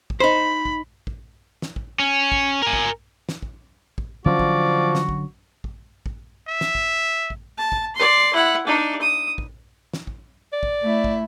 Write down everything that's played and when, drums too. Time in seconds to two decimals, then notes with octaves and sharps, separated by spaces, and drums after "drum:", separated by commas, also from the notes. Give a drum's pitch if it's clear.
0.10 drum: kick
0.20 D#4 C5 B5
0.65 drum: kick
1.07 drum: kick
1.62 drum: snare
1.76 drum: kick
2.00 C#4
2.32 drum: kick
2.62 A#4 G#5
2.73 drum: kick
3.29 drum: snare
3.42 drum: kick
3.98 drum: kick
4.26 D3 F3 F#3 C#4 F#4 D5
4.39 drum: kick
4.95 drum: snare
5.09 drum: kick
5.64 drum: kick
6.06 drum: kick
6.48 E5
6.61 drum: snare
6.75 drum: kick
7.30 drum: kick
7.58 A5
7.72 drum: kick
7.96 D5 C6
8.33 E4 F#5
8.67 D4 D#4
9.01 D#6
9.38 drum: kick
9.94 drum: snare
10.07 drum: kick
10.53 D5
10.63 drum: kick
10.82 A3 E4
11.04 drum: kick